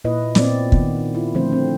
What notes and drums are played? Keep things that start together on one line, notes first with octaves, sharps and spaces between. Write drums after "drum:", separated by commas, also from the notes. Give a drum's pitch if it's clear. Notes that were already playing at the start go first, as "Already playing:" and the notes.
A#2 E4 B4 D#5
A#2 B3 C4 D5, drum: snare
D#3 B3, drum: kick
E4 F4
D3 F3 A3 C4 C5
C4